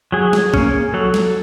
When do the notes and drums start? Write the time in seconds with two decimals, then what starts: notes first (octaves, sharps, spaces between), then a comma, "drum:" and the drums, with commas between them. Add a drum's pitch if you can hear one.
0.12 F#3 G#4
0.33 drum: snare
0.54 A#3 C#4, drum: kick A#1
0.94 F#3 A4
1.14 drum: snare